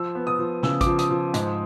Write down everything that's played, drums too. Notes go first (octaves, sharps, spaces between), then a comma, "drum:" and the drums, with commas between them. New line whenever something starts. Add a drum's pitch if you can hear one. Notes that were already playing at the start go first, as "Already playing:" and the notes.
Already playing: F3 E6
B3
D#6
F3
C#3 E6, drum: snare
D6, drum: kick A1, hi-hat
F3
D#6, drum: hi-hat
F3
G#2, drum: hi-hat